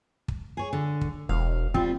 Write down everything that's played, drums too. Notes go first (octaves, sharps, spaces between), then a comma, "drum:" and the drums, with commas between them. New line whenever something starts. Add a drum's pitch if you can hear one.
drum: kick
G#4 C#5
D3
drum: kick
E1 F5
G3 C4 F4, drum: kick